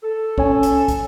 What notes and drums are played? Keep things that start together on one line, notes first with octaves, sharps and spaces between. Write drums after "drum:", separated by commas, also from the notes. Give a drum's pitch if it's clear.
A4
C#4 C#5 G#5, drum: kick
drum: hi-hat
drum: kick, hi-hat